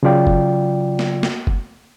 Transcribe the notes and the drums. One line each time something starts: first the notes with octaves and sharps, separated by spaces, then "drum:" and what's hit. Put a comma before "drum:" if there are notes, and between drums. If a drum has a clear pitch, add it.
C#3 F#3 F4 D5 G5
drum: kick F#1
drum: snare
drum: snare
drum: kick F#1